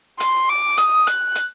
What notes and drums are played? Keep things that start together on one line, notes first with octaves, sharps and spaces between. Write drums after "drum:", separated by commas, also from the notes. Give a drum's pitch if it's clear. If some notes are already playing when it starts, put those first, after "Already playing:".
C6, drum: hi-hat
D6
D#6, drum: hi-hat
F#6, drum: hi-hat
drum: hi-hat